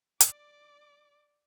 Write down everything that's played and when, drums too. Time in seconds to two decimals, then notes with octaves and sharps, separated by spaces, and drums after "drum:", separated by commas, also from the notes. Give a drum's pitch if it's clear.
0.21 D5 D6, drum: hi-hat